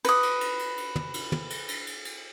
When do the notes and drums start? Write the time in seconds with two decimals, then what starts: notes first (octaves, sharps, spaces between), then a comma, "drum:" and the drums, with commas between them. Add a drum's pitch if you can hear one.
0.05 B4 D#6, drum: cymbal
0.23 drum: cymbal
0.41 drum: cymbal
0.59 drum: cymbal
0.77 drum: cymbal
0.96 drum: tom
1.14 drum: cymbal
1.32 drum: tom
1.50 drum: cymbal
1.69 drum: cymbal
1.87 drum: cymbal
2.05 drum: cymbal